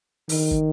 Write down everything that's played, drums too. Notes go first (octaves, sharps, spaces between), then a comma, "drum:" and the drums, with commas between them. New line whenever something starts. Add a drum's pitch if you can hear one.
D#3, drum: open hi-hat
drum: kick